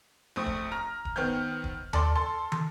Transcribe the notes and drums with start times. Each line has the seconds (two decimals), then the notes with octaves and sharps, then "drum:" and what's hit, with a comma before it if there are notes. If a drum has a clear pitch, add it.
0.36 A#1 A3 C4 D#6
0.47 drum: kick D#1
0.72 A#5 F6
1.05 drum: kick D#1
1.16 D#3 B3 C4 F6 G6
1.64 drum: kick D#1
1.93 A4 D5 C6, drum: tom D#2
2.15 A4 C6
2.52 drum: tom